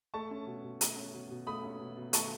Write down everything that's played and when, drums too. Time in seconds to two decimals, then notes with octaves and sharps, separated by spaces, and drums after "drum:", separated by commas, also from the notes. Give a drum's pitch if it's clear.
0.14 A3 A5 C#6
0.31 C#4
0.47 B2
0.64 B2
0.81 A3, drum: hi-hat
0.97 C#4
1.14 B2
1.31 B2
1.47 A3 B5 D#6
1.63 C#4
1.80 B2
1.97 B2
2.13 A3 A5 C#6, drum: hi-hat